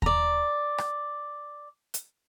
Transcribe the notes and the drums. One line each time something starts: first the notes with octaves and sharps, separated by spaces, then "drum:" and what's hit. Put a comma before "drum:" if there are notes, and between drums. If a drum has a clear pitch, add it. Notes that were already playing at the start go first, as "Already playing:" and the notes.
D5 A#5, drum: kick D#2
drum: rim click
drum: hi-hat